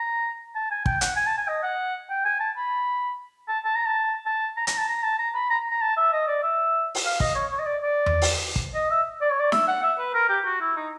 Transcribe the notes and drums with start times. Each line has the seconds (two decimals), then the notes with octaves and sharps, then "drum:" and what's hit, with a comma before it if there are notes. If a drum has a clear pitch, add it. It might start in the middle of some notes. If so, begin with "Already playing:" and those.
Already playing: A#5
0.55 A5
0.71 G#5
0.86 G5, drum: kick
1.01 F#5, drum: hi-hat
1.16 G#5
1.26 A5
1.38 G#5
1.48 D#5
1.63 F#5
2.10 G5
2.25 G#5
2.40 A5
2.57 B5
3.48 A5
3.65 A5
3.75 A#5
3.86 A5
4.26 A5
4.57 A#5
4.67 A#5, drum: hi-hat
4.78 A5
4.89 A#5
5.03 A5
5.18 A#5
5.35 B5
5.50 A#5
5.70 A#5
5.81 A5
5.97 E5
6.12 D#5
6.28 D5
6.43 E5
6.95 drum: open hi-hat
7.05 F5
7.20 D#5, drum: kick
7.35 C#5
7.52 C#5
7.59 D#5
7.66 D5
7.82 D5
8.06 drum: tom E2
8.22 drum: open hi-hat
8.56 drum: kick
8.74 D#5
8.90 E5
9.21 D5
9.30 C#5
9.40 D5
9.52 E5, drum: snare
9.68 F#5
9.83 E5
9.99 B4
10.14 A#4
10.29 G4
10.45 F#4
10.61 E4
10.77 D#4